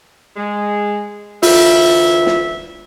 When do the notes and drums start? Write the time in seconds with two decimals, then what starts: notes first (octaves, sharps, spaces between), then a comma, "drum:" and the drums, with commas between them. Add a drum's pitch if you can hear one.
0.36 G#3
1.43 D2 E3 F4 E5, drum: open hi-hat
2.26 drum: snare